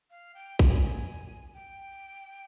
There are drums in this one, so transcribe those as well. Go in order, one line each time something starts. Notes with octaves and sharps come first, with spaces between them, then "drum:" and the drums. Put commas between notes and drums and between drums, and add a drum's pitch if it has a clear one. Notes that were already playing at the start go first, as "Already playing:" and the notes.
F5
G5
G#5, drum: kick
G5